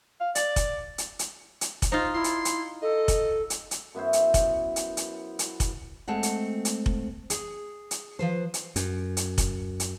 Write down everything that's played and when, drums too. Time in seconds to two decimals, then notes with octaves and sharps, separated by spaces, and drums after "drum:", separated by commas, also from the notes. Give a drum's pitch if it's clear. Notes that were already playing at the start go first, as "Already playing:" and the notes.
0.21 F5
0.35 D5, drum: hi-hat
0.56 drum: kick F1, hi-hat
0.98 drum: hi-hat
1.19 drum: hi-hat
1.61 drum: hi-hat
1.82 drum: kick F1, hi-hat
1.92 D#4 F4 C5
2.14 E4 C6
2.24 drum: hi-hat
2.45 drum: hi-hat
2.82 A4 D#5
3.08 drum: kick F1, hi-hat
3.50 drum: hi-hat
3.71 drum: hi-hat
3.95 F#2 B3 E4 C5
4.13 drum: hi-hat
4.34 drum: kick F1, hi-hat
4.76 drum: hi-hat
4.97 drum: hi-hat
5.39 drum: hi-hat
5.60 drum: kick F1, hi-hat
6.08 G#3 A3 C4 F#5
6.23 drum: hi-hat
6.65 drum: hi-hat
6.86 drum: kick F1
7.30 G#4, drum: hi-hat
7.91 drum: hi-hat
8.19 F3 B4 C5
8.54 drum: hi-hat
8.76 F#2, drum: hi-hat
9.17 drum: hi-hat
9.38 drum: kick F1, hi-hat
9.80 drum: hi-hat